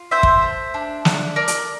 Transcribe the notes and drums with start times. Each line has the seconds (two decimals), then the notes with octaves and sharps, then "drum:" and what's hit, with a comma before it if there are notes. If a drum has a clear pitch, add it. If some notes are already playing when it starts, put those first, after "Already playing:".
Already playing: F4
0.11 C4 C5 E5
0.23 drum: kick
0.43 A3
0.74 D4
1.05 D4, drum: snare
1.36 A4 A#4 D5
1.48 drum: hi-hat